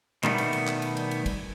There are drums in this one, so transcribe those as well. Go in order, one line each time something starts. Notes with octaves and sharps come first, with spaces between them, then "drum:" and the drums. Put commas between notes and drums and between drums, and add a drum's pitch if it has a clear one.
B2 D#3 G3 A3 B3, drum: clap
drum: cymbal
drum: cymbal
drum: clap
drum: cymbal
drum: cymbal
drum: cymbal
drum: kick, cymbal